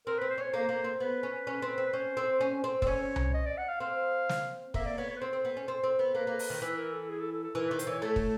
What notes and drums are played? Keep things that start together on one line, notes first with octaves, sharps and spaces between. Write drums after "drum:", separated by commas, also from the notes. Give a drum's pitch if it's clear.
C4 A#4
C4 B4
C5
C#4 C#5
A#3 C5
A#3
C4
B3 B4
C#4
C#4
C4
C4
B4
C#4 C5
C4
C#4
C4
C4, drum: kick
C#4 C#5
drum: tom C2
D#5
D5
F#5
F5
C4 F5
drum: snare
A#3 E5, drum: kick
D5
B3 C#5
C#5
B4
C4 C5
C4
B3
C#4
C4
C4
B3
A#3 B4
A#3
drum: open hi-hat
D#3
E3 B4
A#4
A4
G#4
A4
A4
A4
E3 A#4
D#3 B4
C5, drum: hi-hat
E3 C#5
A3
drum: kick